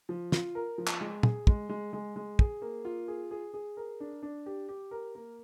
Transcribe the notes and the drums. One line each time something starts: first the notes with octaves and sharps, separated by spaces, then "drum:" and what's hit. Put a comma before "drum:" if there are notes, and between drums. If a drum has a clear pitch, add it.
F3
F4, drum: snare
A#4
F3
drum: clap
G#3
G#4, drum: tom
G#3, drum: kick
G#3
G#3
G#3
G#4, drum: kick
A#3
F4
G#4
G#4
G#4
A#4
D4
D4
G4
G4
A#4
A#3